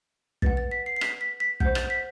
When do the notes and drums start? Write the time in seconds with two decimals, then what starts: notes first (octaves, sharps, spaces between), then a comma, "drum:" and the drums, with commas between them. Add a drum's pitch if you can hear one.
0.42 B4 F#5 A6, drum: kick
0.57 A6
0.71 B6
0.86 C7
0.96 C7
1.01 B6, drum: rim click
1.21 B6
1.40 B6
1.60 C5 F#5 G6, drum: kick
1.75 A6, drum: rim click
1.90 B6